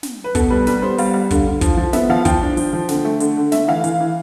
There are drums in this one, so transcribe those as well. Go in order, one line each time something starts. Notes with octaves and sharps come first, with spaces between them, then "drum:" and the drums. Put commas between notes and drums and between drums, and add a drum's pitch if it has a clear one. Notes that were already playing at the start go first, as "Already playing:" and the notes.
drum: snare
B4
B2 A4, drum: kick, hi-hat
G3 B4
G3 B4, drum: snare
B3 C5
G3 F5, drum: open hi-hat
G3 F5
D3, drum: kick, hi-hat
D3
F3, drum: kick, hi-hat
F3
B3 E5, drum: snare
F3 F5
F3 G5, drum: kick, hi-hat
D4
F3, drum: open hi-hat
F3
D3, drum: snare
A3
D3, drum: hi-hat
D3
A3 E5, drum: snare
E3 F5
E3, drum: hi-hat
E3